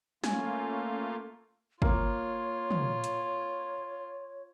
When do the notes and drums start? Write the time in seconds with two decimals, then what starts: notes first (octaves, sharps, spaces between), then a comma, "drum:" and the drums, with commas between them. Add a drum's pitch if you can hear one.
0.24 A3 A#3 C#4 F4 G#5, drum: snare
1.82 A#3 F4 C#5, drum: kick
2.71 drum: tom
3.04 drum: hi-hat